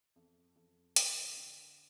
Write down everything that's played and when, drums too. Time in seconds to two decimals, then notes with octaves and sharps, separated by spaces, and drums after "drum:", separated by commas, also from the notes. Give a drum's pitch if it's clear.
0.16 F2
0.56 F2
0.96 D3, drum: hi-hat
1.37 D3